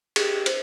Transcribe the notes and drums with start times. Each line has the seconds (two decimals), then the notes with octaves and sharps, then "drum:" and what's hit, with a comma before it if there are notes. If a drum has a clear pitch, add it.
0.16 G4 G#4, drum: cymbal
0.46 C5, drum: cymbal